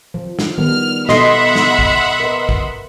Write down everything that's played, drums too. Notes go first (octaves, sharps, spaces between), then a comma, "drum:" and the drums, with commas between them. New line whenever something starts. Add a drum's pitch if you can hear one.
F3
drum: snare
D#3 G3 B3 F6
B2 B3 A4 D#5 E5 F#5 B5 C6, drum: snare
drum: snare
drum: kick
A#4 B4
drum: kick